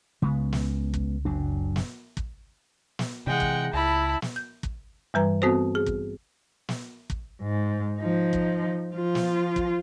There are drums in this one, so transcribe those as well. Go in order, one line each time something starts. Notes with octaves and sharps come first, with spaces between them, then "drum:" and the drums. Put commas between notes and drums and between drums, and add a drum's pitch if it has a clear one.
C#2 C#3 G#3 B3
drum: snare
drum: kick
F#1 F#3 D4
drum: snare
drum: kick
drum: snare
C3 E3 G#3 F#5 G5
drum: kick
C#2 E4 A5 B5
drum: snare
G6
drum: kick
G2 E3 G3 B4 A#5
B3 C4 F#4 A4 C5
G#4
drum: kick
drum: snare
drum: kick
G#2
F3 D#4
drum: kick
F3 F4
drum: snare
drum: kick